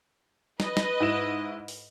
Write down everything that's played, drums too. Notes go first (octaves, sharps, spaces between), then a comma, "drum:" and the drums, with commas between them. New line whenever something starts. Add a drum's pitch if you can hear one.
B4 D#5, drum: snare
drum: snare
G#2 E4 E7
drum: open hi-hat